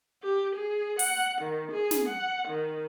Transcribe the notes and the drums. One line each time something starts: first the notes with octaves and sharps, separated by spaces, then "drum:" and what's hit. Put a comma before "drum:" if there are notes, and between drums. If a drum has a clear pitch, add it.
G4
G#4
F#5, drum: open hi-hat
D#3
G#4
drum: snare
F#5
D#3